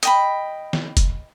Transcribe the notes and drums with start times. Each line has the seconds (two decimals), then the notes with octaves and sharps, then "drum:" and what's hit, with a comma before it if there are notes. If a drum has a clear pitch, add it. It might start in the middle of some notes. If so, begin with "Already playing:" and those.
0.03 D#5 G5 B5, drum: hi-hat
0.73 drum: snare
0.97 drum: kick, hi-hat